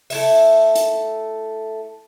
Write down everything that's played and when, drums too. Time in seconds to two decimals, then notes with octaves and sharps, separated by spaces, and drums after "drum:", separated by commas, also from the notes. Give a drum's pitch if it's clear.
0.10 A3 E4 E5, drum: open hi-hat
0.75 drum: hi-hat